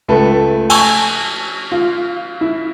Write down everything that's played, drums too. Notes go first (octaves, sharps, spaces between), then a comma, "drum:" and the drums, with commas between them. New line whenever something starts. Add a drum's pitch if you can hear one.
C#2 A3 A4 B4
G#5 A5 C#6 E6, drum: cymbal
F4
E4